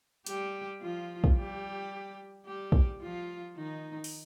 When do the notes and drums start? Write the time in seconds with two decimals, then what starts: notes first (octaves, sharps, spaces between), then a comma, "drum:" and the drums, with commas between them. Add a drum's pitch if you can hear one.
0.27 G3 G4, drum: hi-hat
0.81 F3 F4
1.24 drum: kick
1.36 G3 G4
2.46 G3 G4
2.72 drum: kick
3.01 F3 F4
3.56 D#3 D#4
4.04 drum: open hi-hat